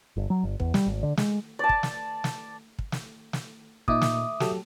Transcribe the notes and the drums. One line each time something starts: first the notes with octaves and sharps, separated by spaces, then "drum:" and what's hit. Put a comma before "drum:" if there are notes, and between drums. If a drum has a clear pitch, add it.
G1
F#3
G1
E2, drum: kick
G3, drum: snare
G#1
D3
G#3, drum: snare
D5 A5
drum: kick
drum: snare
drum: snare
drum: kick
drum: snare
drum: snare
A#2 D#4 E5 D6 D#6, drum: kick
drum: snare
F#3 G4 A4, drum: snare